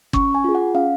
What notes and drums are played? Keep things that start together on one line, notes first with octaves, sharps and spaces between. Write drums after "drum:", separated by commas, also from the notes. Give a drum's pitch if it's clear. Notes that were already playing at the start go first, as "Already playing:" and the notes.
C#4 C#6, drum: kick G1
G#5
F4 G#4
F#5
C#4 F5